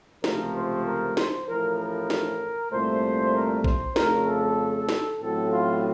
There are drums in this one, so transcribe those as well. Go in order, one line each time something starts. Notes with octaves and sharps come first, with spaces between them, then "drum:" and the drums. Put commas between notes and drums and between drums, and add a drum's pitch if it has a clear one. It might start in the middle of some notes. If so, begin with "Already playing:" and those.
C#2 C3 F3 A3 A#4, drum: snare
C5
A#4
C5, drum: snare
A1 A2 F3 A#4
A#4
drum: snare
C2 A#2 A3 C5
A#4
C5, drum: kick A#1
F2 C#3 A3 A#4, drum: snare
A4
drum: snare
A1 A2 F#3 C4 A4
F4